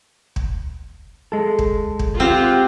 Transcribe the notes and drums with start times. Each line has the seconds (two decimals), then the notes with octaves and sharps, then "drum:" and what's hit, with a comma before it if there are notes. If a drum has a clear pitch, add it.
0.36 drum: kick
1.32 G#3 A4
1.59 drum: kick
1.99 drum: kick
2.20 C4 F4 G4 F#5